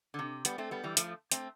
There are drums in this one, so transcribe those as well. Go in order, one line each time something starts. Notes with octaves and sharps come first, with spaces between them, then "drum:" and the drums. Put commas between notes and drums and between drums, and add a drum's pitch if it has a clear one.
D3
C3
G3 B3, drum: hi-hat
A3 C4
G3 B3
E3 G3
F3 A3, drum: hi-hat
A3 C4, drum: hi-hat